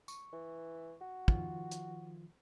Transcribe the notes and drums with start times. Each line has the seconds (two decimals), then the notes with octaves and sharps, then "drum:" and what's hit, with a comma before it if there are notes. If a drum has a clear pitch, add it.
0.08 C#6, drum: tambourine
0.33 E3
1.01 F#4
1.28 D#3 F3 F4, drum: kick
1.71 drum: hi-hat